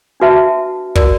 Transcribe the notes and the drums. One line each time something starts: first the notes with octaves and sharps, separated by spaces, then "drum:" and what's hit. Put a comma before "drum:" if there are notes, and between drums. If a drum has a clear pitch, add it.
D4 F#4 B4 E5 A5
F#4 A#4 D5, drum: kick